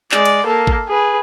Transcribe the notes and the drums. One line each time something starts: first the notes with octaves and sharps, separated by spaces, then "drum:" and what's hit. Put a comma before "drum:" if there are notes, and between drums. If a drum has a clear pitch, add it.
G#3 D5, drum: clap
drum: cymbal
A#3 A4
drum: kick G#1
G#4 B4